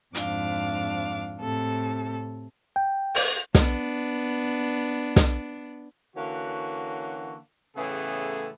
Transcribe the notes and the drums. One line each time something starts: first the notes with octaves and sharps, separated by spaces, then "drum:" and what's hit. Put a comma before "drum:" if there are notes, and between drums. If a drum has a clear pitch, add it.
F2 G#2 D4 F5 D6, drum: hi-hat
A2 C3 A4
G5
drum: open hi-hat
B3 D4, drum: snare
drum: snare
D3 E3 A#3 C#4 F#4
A2 C#3 E3 A3 B3 G#4